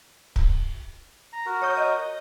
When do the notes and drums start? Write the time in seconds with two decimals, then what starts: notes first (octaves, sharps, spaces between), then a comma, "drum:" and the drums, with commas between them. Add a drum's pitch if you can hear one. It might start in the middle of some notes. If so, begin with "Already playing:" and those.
0.36 drum: kick
1.33 A#5
1.46 F#4 A#4
1.62 C#5 D#6 G6
1.77 D#5